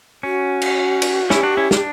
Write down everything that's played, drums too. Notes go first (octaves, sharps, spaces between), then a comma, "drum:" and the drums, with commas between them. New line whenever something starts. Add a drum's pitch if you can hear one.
C#4 F#4
drum: cymbal
drum: cymbal
C#4 E4 G4, drum: snare
D4 F#4
C#4 E4
D4, drum: snare